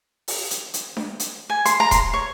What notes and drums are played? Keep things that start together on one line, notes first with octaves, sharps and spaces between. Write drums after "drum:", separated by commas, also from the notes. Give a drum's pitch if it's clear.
drum: open hi-hat
drum: hi-hat
drum: hi-hat
drum: snare D4
drum: hi-hat
G#5
C6, drum: hi-hat
A#5
C6, drum: kick D#1, hi-hat
C#5